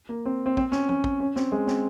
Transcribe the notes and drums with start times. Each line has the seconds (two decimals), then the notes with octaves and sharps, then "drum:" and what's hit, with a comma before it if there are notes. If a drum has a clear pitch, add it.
0.09 A#3
0.25 C4
0.46 C4
0.57 C4, drum: kick
0.72 C#4, drum: snare
0.89 C#4, drum: tom
1.04 drum: kick
1.20 C#4
1.36 C4, drum: snare
1.52 G#3
1.67 C4, drum: snare